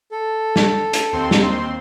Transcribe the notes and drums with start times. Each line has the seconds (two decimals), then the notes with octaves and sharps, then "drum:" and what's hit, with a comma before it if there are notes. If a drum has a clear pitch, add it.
0.12 A4
0.56 drum: snare
0.93 drum: hi-hat
1.12 D#2 C4 C6
1.31 drum: snare